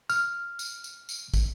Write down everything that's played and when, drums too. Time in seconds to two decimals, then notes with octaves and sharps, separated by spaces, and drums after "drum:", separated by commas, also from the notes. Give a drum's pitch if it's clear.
0.10 F6, drum: tambourine
0.59 drum: tambourine
0.84 drum: tambourine
1.09 drum: tambourine
1.34 drum: kick, tambourine